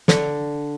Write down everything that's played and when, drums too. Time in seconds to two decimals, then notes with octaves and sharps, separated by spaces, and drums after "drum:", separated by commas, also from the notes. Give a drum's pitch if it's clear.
0.08 D3, drum: snare